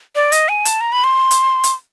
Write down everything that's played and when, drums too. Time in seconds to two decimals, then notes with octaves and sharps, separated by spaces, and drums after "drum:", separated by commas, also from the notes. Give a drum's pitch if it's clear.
0.15 D5
0.32 D#5, drum: hi-hat
0.49 G#5
0.65 A5, drum: hi-hat
0.81 A#5
0.92 B5
1.04 C6
1.31 drum: hi-hat
1.64 drum: hi-hat